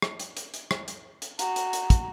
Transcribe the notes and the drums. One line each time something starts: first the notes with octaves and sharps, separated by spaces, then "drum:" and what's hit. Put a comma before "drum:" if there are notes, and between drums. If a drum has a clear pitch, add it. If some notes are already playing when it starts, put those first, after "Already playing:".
drum: rim click
drum: hi-hat
drum: hi-hat
drum: hi-hat
drum: rim click
drum: hi-hat
drum: hi-hat
F#4 A#5, drum: hi-hat
drum: hi-hat
drum: hi-hat
drum: kick, hi-hat